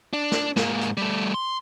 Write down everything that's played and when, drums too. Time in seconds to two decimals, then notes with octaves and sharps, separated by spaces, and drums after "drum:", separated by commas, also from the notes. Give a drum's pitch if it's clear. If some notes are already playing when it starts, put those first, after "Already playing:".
0.13 D4
0.32 drum: snare
0.56 G#2 A#3, drum: snare
0.81 drum: hi-hat
0.97 G3 A3
1.34 C6